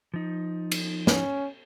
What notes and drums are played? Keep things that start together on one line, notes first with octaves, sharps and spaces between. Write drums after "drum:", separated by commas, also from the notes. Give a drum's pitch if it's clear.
F3 D#4
drum: cymbal
C#4, drum: snare